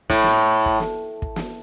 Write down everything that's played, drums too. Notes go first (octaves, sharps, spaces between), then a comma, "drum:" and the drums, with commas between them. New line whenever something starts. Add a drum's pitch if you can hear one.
A2, drum: kick
drum: snare
drum: kick
drum: snare
drum: kick
drum: snare